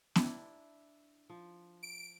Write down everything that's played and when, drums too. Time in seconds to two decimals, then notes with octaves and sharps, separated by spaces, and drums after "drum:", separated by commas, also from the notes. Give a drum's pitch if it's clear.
0.16 D4 E4, drum: snare B3
1.30 F3
1.83 D7